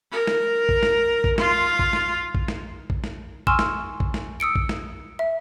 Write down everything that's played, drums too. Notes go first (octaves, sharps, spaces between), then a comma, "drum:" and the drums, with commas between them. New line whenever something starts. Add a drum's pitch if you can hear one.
A#4
drum: snare
drum: kick A#1
drum: snare
drum: kick A#1
F4, drum: snare
drum: kick A#1
drum: snare
drum: kick A#1
drum: snare
drum: kick A#1
drum: snare
G#5 C6 C#6 E6 F6 E7, drum: kick A#1
drum: snare
drum: kick A#1
drum: snare
D#6 E6 C#7 D7
drum: kick A#1
drum: snare
E5